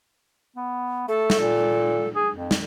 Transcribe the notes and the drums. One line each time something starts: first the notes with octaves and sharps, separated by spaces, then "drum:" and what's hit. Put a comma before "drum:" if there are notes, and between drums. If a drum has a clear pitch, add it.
B3
A3 A4
drum: snare
A#2
G#4
F2
drum: snare